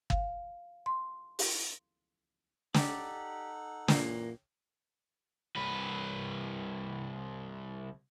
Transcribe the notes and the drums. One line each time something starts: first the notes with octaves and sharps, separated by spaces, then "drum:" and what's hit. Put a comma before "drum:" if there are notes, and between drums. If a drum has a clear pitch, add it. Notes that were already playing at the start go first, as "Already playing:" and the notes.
F5, drum: kick G1
C6
drum: open hi-hat
D#4 G4 A4 D5 F#5, drum: snare
F#2 A#2 E3 A#3, drum: snare
C2 B4